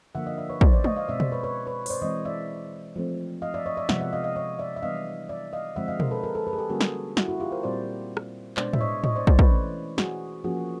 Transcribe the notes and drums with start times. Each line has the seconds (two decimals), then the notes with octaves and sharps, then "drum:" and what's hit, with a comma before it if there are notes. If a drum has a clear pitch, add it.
0.15 D3 F3 A#3 E5 F#5
0.27 D#5 F5
0.38 D5 E5
0.50 B4 C#5
0.61 C5 D5, drum: kick
0.73 C5 D5
0.84 C#5 D#5, drum: tom G#3
0.96 D#5 F5
1.08 B2 G#3 C4 D5 E5
1.20 C5 D5, drum: tom B2
1.32 B4 C#5
1.44 B4 C#5
1.67 B4 C#5
1.86 C#5, drum: open hi-hat
1.90 C5 D5
2.02 E3 G#3 C4 C#5 D#5
2.25 D5 E5
2.96 F3 A3 C4
3.42 D#5 F5
3.54 D5 E5
3.66 C#5 D#5
3.77 D5 E5
3.89 C3 F3 G#3 B3 E5 F#5, drum: snare
4.00 E5 F#5
4.13 D#5 F5
4.24 D#5 F5
4.36 C#5 D#5
4.59 D5 E5
4.76 E5
4.83 E3 G3 B3 D4 D#5 F5
5.29 D5 E5
5.53 D#5 F5
5.76 D3 F3 G#3 C4 E5 F#5
5.88 D#5 F5
6.00 A#4 C5, drum: tom B2
6.11 A4 B4
6.23 G#4 A#4
6.35 A4 B4
6.47 A4 B4
6.53 G#4
6.58 G4 A4
6.70 D3 G3 A#3 C#4 F#4 G#4
6.81 drum: snare
7.17 E4 F#4, drum: snare
7.28 E4 F#4
7.40 F4 G4
7.52 A#4 C5
7.63 A#2 G3 C4 C5 D5
8.17 drum: rim click
8.57 B2 G#3 B3 D4 C5 D5, drum: clap
8.73 E5, drum: tom A2
8.81 C#5 D#5
9.04 C#5 D#5, drum: tom A2
9.16 C5 D5
9.27 C5 D5, drum: kick
9.39 B4 C#5, drum: kick
9.51 E3 A3 C#4
9.98 F#4 G#4, drum: snare
10.44 F3 A#3 C#4 F#4 G#4